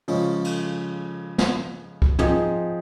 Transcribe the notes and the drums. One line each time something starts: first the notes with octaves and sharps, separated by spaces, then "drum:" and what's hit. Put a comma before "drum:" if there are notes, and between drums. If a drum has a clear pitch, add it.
C#3 F3 G#3 C#4, drum: open hi-hat
drum: cymbal
drum: snare
drum: kick C#2
F3 C4 D#4 G#4, drum: tom